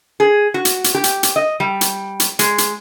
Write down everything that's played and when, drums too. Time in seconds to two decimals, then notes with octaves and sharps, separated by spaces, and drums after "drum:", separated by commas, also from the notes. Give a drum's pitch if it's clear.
0.20 G#4
0.54 F#4
0.65 drum: hi-hat
0.84 drum: hi-hat
0.95 G4
1.04 drum: hi-hat
1.23 drum: hi-hat
1.36 D#5
1.60 G3
1.81 drum: hi-hat
2.20 drum: hi-hat
2.39 G#3, drum: hi-hat
2.58 drum: hi-hat